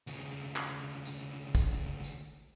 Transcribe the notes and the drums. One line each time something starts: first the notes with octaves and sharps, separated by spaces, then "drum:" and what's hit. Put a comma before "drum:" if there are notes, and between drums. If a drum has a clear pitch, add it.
D2 C#3, drum: tambourine
drum: clap
drum: tambourine
drum: kick, tambourine
drum: tambourine